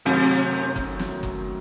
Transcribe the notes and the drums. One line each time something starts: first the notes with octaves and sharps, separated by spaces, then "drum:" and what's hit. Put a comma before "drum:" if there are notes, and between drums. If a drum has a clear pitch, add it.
F#2 C3 D#3 F#3 A3
drum: kick F#1
drum: snare
drum: kick F#1